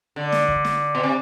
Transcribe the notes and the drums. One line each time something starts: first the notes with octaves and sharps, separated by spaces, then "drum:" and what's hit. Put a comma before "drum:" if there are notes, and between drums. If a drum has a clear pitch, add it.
D3
drum: snare
drum: kick
drum: snare
B2
C3